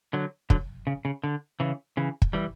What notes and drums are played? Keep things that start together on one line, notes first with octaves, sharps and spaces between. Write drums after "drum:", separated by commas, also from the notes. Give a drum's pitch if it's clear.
D3 F#3
D3 F#3, drum: kick
C#3
C#3
D3
C#3 E3
C#3 E3
drum: kick
E3 G3